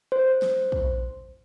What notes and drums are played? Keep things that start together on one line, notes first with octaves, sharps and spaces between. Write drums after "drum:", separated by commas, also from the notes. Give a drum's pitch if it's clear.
C5
drum: snare
drum: kick